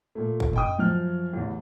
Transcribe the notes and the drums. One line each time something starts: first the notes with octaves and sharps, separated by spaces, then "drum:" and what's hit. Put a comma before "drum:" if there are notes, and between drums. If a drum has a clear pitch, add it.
A#2 A3
drum: kick
D#5 G5 D#6, drum: tom
F#2 F3 F6
A1 E2